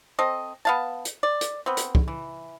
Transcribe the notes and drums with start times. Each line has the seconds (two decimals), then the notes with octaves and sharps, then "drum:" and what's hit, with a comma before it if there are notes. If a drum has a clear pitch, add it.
0.19 C4 A4 D#5
0.65 B3 F5 A5
1.05 drum: hi-hat
1.23 D5
1.41 drum: hi-hat
1.66 B3 C4
1.77 drum: hi-hat
1.95 drum: kick
2.08 E3